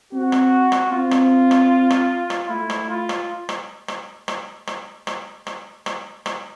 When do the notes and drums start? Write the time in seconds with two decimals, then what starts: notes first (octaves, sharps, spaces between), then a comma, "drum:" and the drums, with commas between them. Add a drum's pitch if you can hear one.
0.13 C4 F#4
0.32 drum: rim click
0.72 drum: rim click
0.92 C4 F4
1.11 drum: rim click
1.51 drum: rim click
1.90 drum: rim click
2.30 drum: rim click
2.50 A3 E4
2.70 drum: rim click
2.89 F4
3.09 drum: rim click
3.49 drum: rim click
3.88 drum: rim click
4.28 drum: rim click
4.67 drum: rim click
5.07 drum: rim click
5.47 drum: rim click
5.86 drum: rim click
6.26 drum: rim click